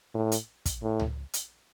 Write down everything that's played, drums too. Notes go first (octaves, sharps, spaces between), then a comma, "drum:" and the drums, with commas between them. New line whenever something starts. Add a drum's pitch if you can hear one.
A2
drum: hi-hat
drum: kick, hi-hat
A2
drum: tom C#2
drum: hi-hat